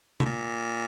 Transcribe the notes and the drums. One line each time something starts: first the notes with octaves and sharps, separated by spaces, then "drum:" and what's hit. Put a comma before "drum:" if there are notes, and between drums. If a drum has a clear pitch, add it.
A2, drum: tom C3
A#2